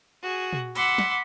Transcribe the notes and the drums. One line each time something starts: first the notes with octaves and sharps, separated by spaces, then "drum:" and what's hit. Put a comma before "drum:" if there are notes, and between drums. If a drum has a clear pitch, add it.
F#4 G#4
drum: tom
F#5 B5 C6 D6 E6, drum: open hi-hat
drum: snare